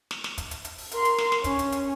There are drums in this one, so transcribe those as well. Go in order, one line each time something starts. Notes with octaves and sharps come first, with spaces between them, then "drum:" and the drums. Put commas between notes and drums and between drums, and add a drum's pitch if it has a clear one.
drum: snare
drum: snare
drum: kick, hi-hat
drum: hi-hat
drum: hi-hat
drum: open hi-hat
A#4 C6, drum: hi-hat
drum: hi-hat
drum: snare
drum: snare
C#4, drum: kick, hi-hat
drum: hi-hat
drum: hi-hat